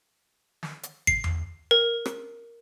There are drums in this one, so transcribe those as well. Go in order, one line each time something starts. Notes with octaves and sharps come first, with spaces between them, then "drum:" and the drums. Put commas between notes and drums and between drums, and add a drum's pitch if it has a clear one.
drum: snare
drum: hi-hat
C7, drum: kick G#1
drum: tom E2
A#4
drum: rim click